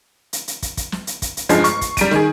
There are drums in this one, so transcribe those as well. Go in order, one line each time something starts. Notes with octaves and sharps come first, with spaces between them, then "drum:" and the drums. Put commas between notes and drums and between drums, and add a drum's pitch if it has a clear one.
drum: hi-hat
drum: hi-hat
drum: kick, hi-hat
drum: kick, hi-hat
drum: snare
drum: hi-hat
drum: kick, hi-hat
drum: hi-hat
F1 G2 F3 G#3 C7, drum: hi-hat
C#6, drum: hi-hat
drum: kick, hi-hat
G3 D7 D#7, drum: kick, hi-hat
D#3 G#4, drum: snare